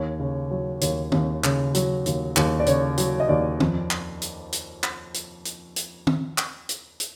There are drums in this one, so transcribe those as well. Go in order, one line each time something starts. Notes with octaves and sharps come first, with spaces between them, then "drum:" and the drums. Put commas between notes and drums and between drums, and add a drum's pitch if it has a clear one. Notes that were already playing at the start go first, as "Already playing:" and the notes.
Already playing: D#2 C#5
C#3
F#3
D#2 C#5, drum: hi-hat
D#2, drum: tom
C#3, drum: clap
F#3, drum: hi-hat
D#2, drum: hi-hat
D#2, drum: clap
D5
C#3 C#5, drum: hi-hat
F#3 C#5, drum: hi-hat
D#5
D#2 D5
F2, drum: tom
drum: clap
drum: hi-hat
drum: hi-hat
drum: clap
drum: hi-hat
drum: hi-hat
drum: hi-hat
drum: tom
drum: clap
drum: hi-hat
drum: hi-hat